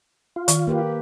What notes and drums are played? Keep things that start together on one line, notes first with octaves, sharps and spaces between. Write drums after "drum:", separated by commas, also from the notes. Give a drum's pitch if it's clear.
F4
D#3, drum: hi-hat
A#3 G4 B4